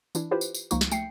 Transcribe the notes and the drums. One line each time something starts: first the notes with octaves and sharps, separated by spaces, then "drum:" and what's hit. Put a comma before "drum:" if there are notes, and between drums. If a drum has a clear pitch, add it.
E3 D4 E4, drum: tambourine
E4 F4 G4 B4 C5
drum: tambourine
drum: tambourine
C#2 F3 A#3 D#4 C#6, drum: tambourine
drum: snare
A3 G5 C7 C#7, drum: tambourine